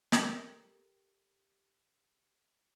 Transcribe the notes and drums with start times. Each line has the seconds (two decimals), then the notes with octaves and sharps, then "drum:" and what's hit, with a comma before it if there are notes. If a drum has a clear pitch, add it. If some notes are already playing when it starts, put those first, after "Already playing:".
0.12 G4 A#4, drum: snare